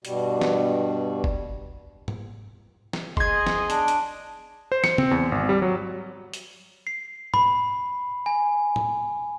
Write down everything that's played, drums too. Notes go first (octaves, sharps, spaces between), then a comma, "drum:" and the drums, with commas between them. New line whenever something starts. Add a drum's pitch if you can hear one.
G2 B2 G3, drum: hi-hat
drum: snare
drum: kick F#1
drum: tom G#2
drum: snare
G#4 D#5 C6 G#6, drum: kick F#1
drum: snare
D4, drum: hi-hat
drum: hi-hat
C5
C#7, drum: snare
C4, drum: tom
E2
G#1
G3
F#3
drum: hi-hat
C7
B5, drum: tom G#2
G#5
drum: tom